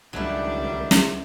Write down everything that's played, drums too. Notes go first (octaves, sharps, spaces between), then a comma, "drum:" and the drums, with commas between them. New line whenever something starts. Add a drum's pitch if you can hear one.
C#2 D#3 F#3 G3 A3 D4 E4
drum: snare